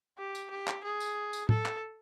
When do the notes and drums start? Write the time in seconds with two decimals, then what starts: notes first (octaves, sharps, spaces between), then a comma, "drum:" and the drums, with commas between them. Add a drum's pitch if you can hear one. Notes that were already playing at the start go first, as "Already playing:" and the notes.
0.18 G4
0.35 drum: tambourine
0.51 G4
0.68 drum: clap
0.84 G#4
1.00 drum: tambourine
1.33 drum: tambourine
1.49 A4, drum: tom
1.66 drum: clap